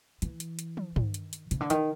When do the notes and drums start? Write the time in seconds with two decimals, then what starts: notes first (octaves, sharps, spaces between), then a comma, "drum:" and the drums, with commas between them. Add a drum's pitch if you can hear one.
0.22 E3, drum: hi-hat
0.40 drum: hi-hat
0.59 drum: hi-hat
0.77 drum: tom
0.96 D#3, drum: tom
1.14 drum: hi-hat
1.33 drum: hi-hat
1.51 C#3, drum: hi-hat
1.61 D3
1.70 D#3, drum: hi-hat